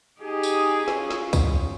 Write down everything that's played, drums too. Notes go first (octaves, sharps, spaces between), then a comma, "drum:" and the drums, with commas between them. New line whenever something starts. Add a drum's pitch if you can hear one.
D#4 G4 G#4
drum: tambourine
C#4 F4, drum: snare
drum: snare
drum: kick, tambourine